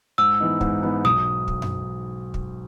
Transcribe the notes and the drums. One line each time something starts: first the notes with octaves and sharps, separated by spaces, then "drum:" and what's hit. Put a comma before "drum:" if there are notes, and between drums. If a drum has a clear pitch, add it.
G#2 E6
E3 B3 D#4
G#2, drum: kick
E3 B3 D#4
B1 D#6
drum: kick
drum: tom F#2
drum: kick